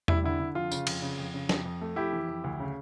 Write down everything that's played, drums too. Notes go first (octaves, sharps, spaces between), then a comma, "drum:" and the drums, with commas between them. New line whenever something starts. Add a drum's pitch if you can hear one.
G3 E4, drum: tom E2
D3 E4
D3
F2 F4
C#3, drum: tambourine
F2, drum: cymbal
C#3
F2
C#3
F2, drum: snare
F2
A3
F2 E4 G4
E3
F2
D2
C#3